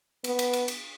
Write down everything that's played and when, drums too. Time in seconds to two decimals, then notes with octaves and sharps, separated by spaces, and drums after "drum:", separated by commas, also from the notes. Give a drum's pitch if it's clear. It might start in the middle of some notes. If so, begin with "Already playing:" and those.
0.24 B3, drum: cymbal
0.39 drum: cymbal
0.53 drum: cymbal
0.68 drum: cymbal